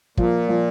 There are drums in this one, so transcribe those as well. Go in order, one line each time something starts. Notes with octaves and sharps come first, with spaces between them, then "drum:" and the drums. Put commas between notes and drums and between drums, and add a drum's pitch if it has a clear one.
A#2 F3, drum: kick
F3